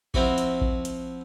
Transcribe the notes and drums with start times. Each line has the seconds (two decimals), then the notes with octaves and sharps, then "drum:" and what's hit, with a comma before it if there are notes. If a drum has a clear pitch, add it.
0.14 F3 C4 E4 F#4, drum: kick A1
0.38 drum: hi-hat
0.61 drum: kick A1
0.85 drum: hi-hat